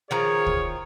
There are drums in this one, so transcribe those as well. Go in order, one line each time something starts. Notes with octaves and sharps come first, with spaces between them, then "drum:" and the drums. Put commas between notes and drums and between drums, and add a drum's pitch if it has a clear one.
D#3 F3 G#4 C#5 A#5
drum: kick